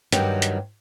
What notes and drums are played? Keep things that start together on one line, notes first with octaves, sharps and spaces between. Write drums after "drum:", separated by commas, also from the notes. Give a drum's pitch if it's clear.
G2 D#3 F#3 G4, drum: hi-hat
drum: hi-hat